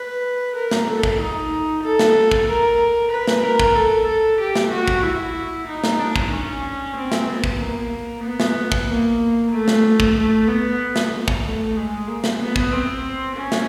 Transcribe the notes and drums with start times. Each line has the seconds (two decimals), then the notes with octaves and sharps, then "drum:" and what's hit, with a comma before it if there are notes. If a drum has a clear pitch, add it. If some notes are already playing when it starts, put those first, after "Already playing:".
Already playing: B4
0.56 A#4
0.71 drum: snare
0.88 A4
1.03 drum: kick
1.19 D#4
1.84 A4
1.99 drum: snare
2.31 drum: kick
2.47 A#4
3.12 B4
3.27 drum: snare
3.44 A#4
3.60 drum: kick
3.75 A4
4.07 A4
4.40 G4
4.56 drum: snare
4.72 F#4
4.88 drum: kick
5.03 E4
5.67 D#4
5.84 drum: snare
6.00 D4
6.16 drum: kick
6.31 C#4
6.96 C4
7.12 drum: snare
7.28 B3
7.44 drum: kick
7.59 A#3
8.24 B3
8.40 drum: snare
8.72 drum: kick
8.87 A#3
9.51 A3
9.68 drum: snare
10.00 drum: kick
10.16 A3
10.48 B3
10.96 drum: snare
11.28 drum: kick
11.44 A3
11.76 G#3
12.08 A#3
12.24 drum: snare
12.40 B3
12.56 drum: kick
12.72 C4
13.36 C#4
13.52 drum: snare